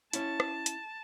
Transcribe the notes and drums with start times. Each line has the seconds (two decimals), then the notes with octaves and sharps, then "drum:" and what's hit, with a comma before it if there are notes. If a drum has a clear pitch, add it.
0.13 C#4 E4 A5, drum: hi-hat
0.40 drum: rim click
0.66 drum: hi-hat